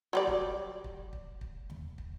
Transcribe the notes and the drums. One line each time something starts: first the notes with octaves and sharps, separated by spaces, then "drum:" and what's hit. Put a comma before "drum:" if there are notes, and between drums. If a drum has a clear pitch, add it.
F#3 G3 D5
drum: kick
drum: kick
drum: kick
drum: kick
drum: tom D#2
drum: kick